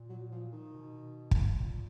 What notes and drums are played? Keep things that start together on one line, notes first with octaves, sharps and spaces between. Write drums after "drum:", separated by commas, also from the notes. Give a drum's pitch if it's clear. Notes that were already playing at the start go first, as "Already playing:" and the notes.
Already playing: A#2
F#3
F3
D#3
B2
drum: kick
A#2